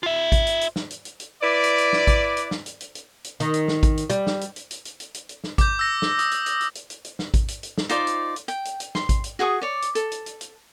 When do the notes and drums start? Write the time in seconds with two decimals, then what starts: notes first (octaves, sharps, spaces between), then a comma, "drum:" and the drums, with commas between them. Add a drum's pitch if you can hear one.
0.03 F4 E5
0.32 drum: kick A1, hi-hat
0.47 drum: hi-hat
0.61 drum: hi-hat
0.76 drum: snare
0.90 drum: hi-hat
1.05 drum: hi-hat
1.20 drum: hi-hat
1.43 E4 B4 D5
1.64 drum: hi-hat
1.78 drum: hi-hat
1.93 drum: snare
2.07 drum: kick A1, hi-hat
2.37 drum: hi-hat
2.51 drum: snare
2.66 drum: hi-hat
2.80 drum: hi-hat
2.95 drum: hi-hat
3.24 drum: hi-hat
3.40 D#3, drum: hi-hat
3.54 drum: hi-hat
3.68 drum: snare
3.83 drum: kick A1, hi-hat
3.97 drum: hi-hat
4.10 G3, drum: hi-hat
4.27 drum: snare
4.41 drum: hi-hat
4.56 drum: hi-hat
4.71 drum: hi-hat
4.85 drum: hi-hat
5.00 drum: hi-hat
5.14 drum: hi-hat
5.29 drum: hi-hat
5.44 drum: snare
5.58 D6 G6, drum: kick A1, hi-hat
5.79 E6 A#6
6.02 drum: snare
6.19 D#6, drum: hi-hat
6.31 drum: hi-hat
6.46 drum: hi-hat
6.61 drum: hi-hat
6.75 drum: hi-hat
6.90 drum: hi-hat
7.04 drum: hi-hat
7.19 drum: snare
7.34 drum: kick A1, hi-hat
7.48 drum: hi-hat
7.63 drum: hi-hat
7.78 drum: snare
7.89 D#4 F4 C5 D5, drum: hi-hat
8.07 drum: hi-hat
8.36 drum: hi-hat
8.48 G5, drum: hi-hat
8.65 drum: hi-hat
8.80 drum: hi-hat
8.95 C6, drum: snare
9.09 drum: kick A1, hi-hat
9.24 drum: hi-hat
9.39 F#4 G#4 C#6 D#6
9.61 C#5 D5
9.82 drum: hi-hat
9.95 A4, drum: hi-hat
10.11 drum: hi-hat
10.26 drum: hi-hat
10.41 drum: hi-hat